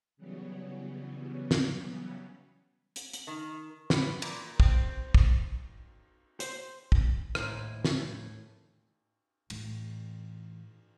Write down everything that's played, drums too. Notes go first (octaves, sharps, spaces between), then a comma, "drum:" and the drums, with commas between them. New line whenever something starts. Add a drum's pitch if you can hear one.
C#3 E3 F#3 G3 B3 C#4
drum: snare
drum: hi-hat
drum: hi-hat
D#3
B3, drum: snare
A#2, drum: cymbal
C4, drum: kick
drum: kick
C5, drum: hi-hat
drum: kick
D#2 A2 C5, drum: rim click
drum: snare
A2 E3, drum: cymbal